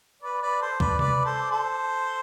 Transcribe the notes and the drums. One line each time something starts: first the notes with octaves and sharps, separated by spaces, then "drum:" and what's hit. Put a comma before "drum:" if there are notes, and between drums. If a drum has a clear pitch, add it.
B4 D5
B4 D5
A4 C5
B4 D5, drum: kick
B4 D5, drum: tom C3
A4 C5
D5
A4 C5